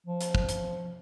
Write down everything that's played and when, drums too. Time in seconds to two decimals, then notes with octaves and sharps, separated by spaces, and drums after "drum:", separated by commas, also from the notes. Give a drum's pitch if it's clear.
0.07 F3
0.21 drum: hi-hat
0.35 drum: kick
0.49 drum: hi-hat